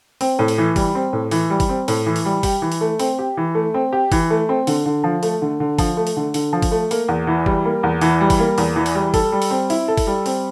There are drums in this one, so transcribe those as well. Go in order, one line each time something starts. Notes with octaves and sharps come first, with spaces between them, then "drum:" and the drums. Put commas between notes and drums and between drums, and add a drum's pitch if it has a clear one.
C4, drum: open hi-hat
A2
drum: open hi-hat
E3
G3, drum: kick G1, open hi-hat
C4
A2
E3, drum: open hi-hat
G3
drum: kick G1, open hi-hat
C4
A2, drum: open hi-hat
E3
drum: open hi-hat
G3
G4, drum: kick G1, open hi-hat
E3
drum: open hi-hat
A3
C4, drum: open hi-hat
G4
E3
A3
C4
G4
E3, drum: kick G1, open hi-hat
A3
C4
D3, drum: open hi-hat
D3
F3
A3, drum: open hi-hat
D3
D3
F3, drum: kick G1, open hi-hat
A3
drum: open hi-hat
D3
D3, drum: open hi-hat
F3
drum: kick G1, open hi-hat
A3
A#3, drum: open hi-hat
E2
E3
G3, drum: kick G1
A#3
E2
E3, drum: open hi-hat
G3
drum: kick G1, open hi-hat
A#3
E2, drum: open hi-hat
E3
drum: open hi-hat
G3
A4, drum: kick G1, open hi-hat
G3
drum: open hi-hat
C4
E4, drum: open hi-hat
A4
drum: kick G1, open hi-hat
G3
C4, drum: open hi-hat